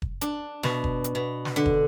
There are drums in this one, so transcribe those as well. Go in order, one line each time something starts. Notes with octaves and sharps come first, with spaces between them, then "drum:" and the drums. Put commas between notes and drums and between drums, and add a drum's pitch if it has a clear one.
drum: kick
D4, drum: hi-hat
B2, drum: snare
drum: kick
drum: hi-hat
B2
drum: snare
D3
drum: kick